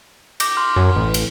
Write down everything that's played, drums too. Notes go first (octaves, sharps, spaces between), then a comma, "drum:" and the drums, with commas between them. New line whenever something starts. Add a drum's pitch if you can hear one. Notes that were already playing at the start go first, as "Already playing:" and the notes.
D6 G6 A#6, drum: cymbal
C6 F6
F#2
A1
drum: cymbal